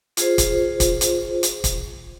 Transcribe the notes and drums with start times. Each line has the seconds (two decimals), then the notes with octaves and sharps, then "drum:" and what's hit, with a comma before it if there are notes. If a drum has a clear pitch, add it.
0.17 F4 G#4 C5, drum: hi-hat
0.38 drum: kick, hi-hat
0.80 drum: kick, hi-hat
1.01 drum: hi-hat
1.43 drum: hi-hat
1.64 drum: kick, hi-hat